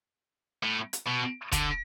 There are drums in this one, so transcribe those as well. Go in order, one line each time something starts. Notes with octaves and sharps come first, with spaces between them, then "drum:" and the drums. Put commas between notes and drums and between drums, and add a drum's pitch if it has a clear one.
A2
drum: hi-hat
B2
D3, drum: kick, hi-hat